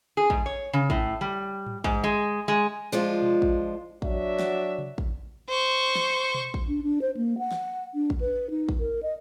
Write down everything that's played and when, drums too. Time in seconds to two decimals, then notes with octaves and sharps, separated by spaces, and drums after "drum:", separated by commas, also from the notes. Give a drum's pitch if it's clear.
0.17 G#4
0.30 G#2, drum: kick A1
0.46 C#5
0.73 C#3
0.90 A2, drum: kick A1
1.21 G3
1.66 drum: tom G#2
1.84 G#2, drum: kick A1
2.04 G#3
2.48 G#3
2.92 F3 G#3 D4 F4
3.23 drum: tom B2
3.42 drum: kick A1
4.02 F#3 D4 F#4 D5 E5, drum: kick A1
4.40 drum: snare
4.79 drum: tom C3
4.98 drum: kick A1
5.49 C5 C#6
5.96 drum: snare
6.35 drum: tom B2
6.54 drum: kick A1
6.67 D4
6.83 D4
7.02 C5
7.17 A#3
7.38 F#5
7.52 drum: snare
7.95 D4
8.10 drum: kick A1
8.21 B4
8.50 D#4
8.69 drum: kick A1
8.80 A#4
9.03 D#5